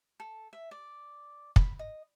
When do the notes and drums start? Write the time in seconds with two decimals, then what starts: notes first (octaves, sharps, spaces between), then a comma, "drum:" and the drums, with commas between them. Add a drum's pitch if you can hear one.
0.20 A4
0.53 E5
0.71 D5
1.56 B5, drum: kick
1.79 D#5